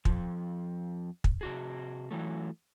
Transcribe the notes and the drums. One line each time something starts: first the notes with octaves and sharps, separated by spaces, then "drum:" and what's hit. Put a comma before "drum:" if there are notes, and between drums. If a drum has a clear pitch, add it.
F2 F3, drum: kick
drum: kick
C3 F#4 G#4
E3 F#3 A3